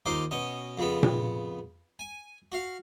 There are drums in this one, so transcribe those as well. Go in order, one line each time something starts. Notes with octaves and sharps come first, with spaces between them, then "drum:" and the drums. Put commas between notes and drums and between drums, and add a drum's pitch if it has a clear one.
D#2 D#4 F4 C5 D6
B2 C#4 D#5
F2 C#3 B3
drum: tom A#2
G#5
F#4 F5